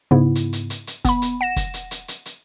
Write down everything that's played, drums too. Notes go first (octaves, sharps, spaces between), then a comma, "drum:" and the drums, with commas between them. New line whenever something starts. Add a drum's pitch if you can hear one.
G#2 C#3 B3 E4
drum: hi-hat
drum: hi-hat
drum: hi-hat
drum: hi-hat
B3 B5, drum: kick, hi-hat
drum: hi-hat
F#5 A#6 E7
drum: kick, hi-hat
drum: hi-hat
drum: hi-hat
drum: hi-hat
drum: hi-hat